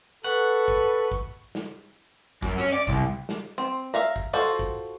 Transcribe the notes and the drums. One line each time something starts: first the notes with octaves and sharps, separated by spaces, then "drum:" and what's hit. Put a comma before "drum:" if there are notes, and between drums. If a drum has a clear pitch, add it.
A4 B4 F#5 C#6
drum: kick
drum: kick
drum: snare
F#2, drum: kick
C#4
D5
C2, drum: kick
drum: snare
C4
E5 F5 A#5
drum: kick
F4 F#4 A4 C5
drum: kick